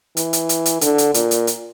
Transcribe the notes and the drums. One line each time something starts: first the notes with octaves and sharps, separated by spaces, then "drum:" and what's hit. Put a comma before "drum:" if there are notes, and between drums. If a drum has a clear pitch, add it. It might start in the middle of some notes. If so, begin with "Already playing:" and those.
E3, drum: hi-hat
drum: hi-hat
drum: hi-hat
drum: hi-hat
D3, drum: hi-hat
drum: hi-hat
A#2, drum: hi-hat
drum: hi-hat
drum: hi-hat